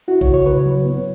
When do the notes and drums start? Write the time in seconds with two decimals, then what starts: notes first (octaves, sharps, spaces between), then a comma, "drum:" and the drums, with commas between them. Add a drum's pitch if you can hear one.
0.08 E4 F#4
0.21 C#5, drum: kick A1
0.27 C#3
0.34 C#5
0.46 C#3 B4
0.66 F#3
0.85 B3